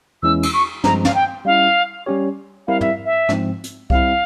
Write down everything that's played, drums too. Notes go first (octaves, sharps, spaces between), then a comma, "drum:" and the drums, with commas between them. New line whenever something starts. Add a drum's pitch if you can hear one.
E2 E3 G#3 C#4 E4 E6
E6, drum: cymbal
C#6
G2 F3 G#3 C4 A#5, drum: snare
F5, drum: snare
G5
G3 C#4 E4 F5
G3 C#4 G4 C#5
G3 C4 E4 A#4 F5
E5, drum: tom
E5
G#2 F3 C4, drum: rim click
drum: hi-hat
G3 C4 E4 F5, drum: kick C2